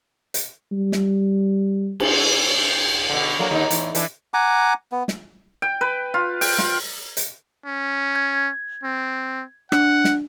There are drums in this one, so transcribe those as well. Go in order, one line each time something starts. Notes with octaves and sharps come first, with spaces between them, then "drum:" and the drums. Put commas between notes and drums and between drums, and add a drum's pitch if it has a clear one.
drum: hi-hat
G3
drum: snare
drum: cymbal
B2 D3
F#3 A#3 D4
D#2 D3 D#4
E2 A2, drum: hi-hat
E3 D4, drum: hi-hat
F#5 G#5 A#5 D6
B3
drum: snare
G5
B4
F4
G5, drum: open hi-hat
F4, drum: snare
drum: hi-hat
C#4
G#6
C4
D4 F#5, drum: rim click
drum: snare